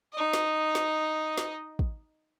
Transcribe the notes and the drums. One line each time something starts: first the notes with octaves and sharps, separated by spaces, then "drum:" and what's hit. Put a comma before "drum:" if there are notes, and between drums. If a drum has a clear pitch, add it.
D#4 D#5
drum: snare
drum: snare
drum: snare
drum: kick